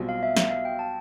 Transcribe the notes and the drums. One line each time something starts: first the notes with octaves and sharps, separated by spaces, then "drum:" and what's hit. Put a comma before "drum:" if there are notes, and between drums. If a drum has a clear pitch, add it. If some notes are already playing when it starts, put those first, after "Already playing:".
Already playing: B1 B2 G3 C4 F4
F5
E5
E5, drum: snare
F5
G5
A5